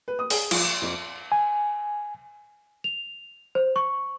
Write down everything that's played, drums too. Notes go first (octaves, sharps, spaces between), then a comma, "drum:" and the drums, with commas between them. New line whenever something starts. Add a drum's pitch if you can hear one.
B4
D#6
G#4, drum: open hi-hat
F3, drum: cymbal
E7
F2
G#5
F7
C5
C#6